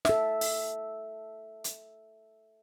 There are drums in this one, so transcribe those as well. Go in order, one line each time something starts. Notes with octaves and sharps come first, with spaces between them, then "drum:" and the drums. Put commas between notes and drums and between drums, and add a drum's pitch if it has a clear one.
A4 E5, drum: snare
drum: open hi-hat
drum: hi-hat